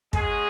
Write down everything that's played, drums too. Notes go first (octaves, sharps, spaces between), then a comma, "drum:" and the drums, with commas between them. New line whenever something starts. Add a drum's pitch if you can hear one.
G#3 C#4 F#4 G#4, drum: kick